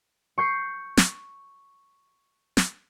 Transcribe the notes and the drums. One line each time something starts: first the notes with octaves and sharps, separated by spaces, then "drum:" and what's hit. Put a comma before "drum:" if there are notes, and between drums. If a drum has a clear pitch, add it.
C#6 G6 C7
drum: snare
drum: snare